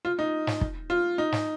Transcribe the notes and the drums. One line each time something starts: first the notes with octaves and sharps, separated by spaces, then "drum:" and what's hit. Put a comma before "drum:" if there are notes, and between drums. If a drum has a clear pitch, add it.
F4
D#4
drum: snare
drum: kick
F4
D#4
drum: snare